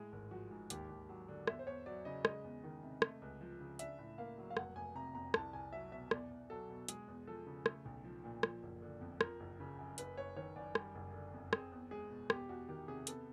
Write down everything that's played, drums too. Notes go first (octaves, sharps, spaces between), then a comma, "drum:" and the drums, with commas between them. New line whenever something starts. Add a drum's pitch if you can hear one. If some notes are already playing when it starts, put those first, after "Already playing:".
Already playing: A2 G#3 G#4
G#1
F3 F#4
G#2
D#2 G4, drum: hi-hat
D#2
F#3
D3
E2 E5, drum: rim click
C5
E2 C#5
F#3 D5
C#3 D#5
G#3 D#5, drum: rim click
E2
D#3
C3
A3, drum: rim click
C#2
F3
C#3
D4 E5, drum: hi-hat
A2
A#3 F5
F#3
F5
F1 F#5, drum: rim click
F1 G#5
C3 A#5
F2 A#5
C2 A5, drum: rim click
C2 G#5
F#3 E5
B2 E5
E2 D5, drum: rim click
E2
F#3 A4
B2
G#3 G#4, drum: hi-hat
E2
F3 A4
C#3
A3, drum: rim click
B1
F3
A#2
F3, drum: rim click
F#1
D3
F2
F3 A#4, drum: rim click
F#1
C#3
F#2
F#1 B4, drum: hi-hat
F#1 C#5
D#3 C#5
F#2 D5
G3, drum: rim click
F#1
D3
F2
C4 G#4, drum: rim click
E2
G#3 G#4
B2
E2 G4, drum: rim click
E2 F#4
D#3 G4
C3 G#4
B3 A4, drum: hi-hat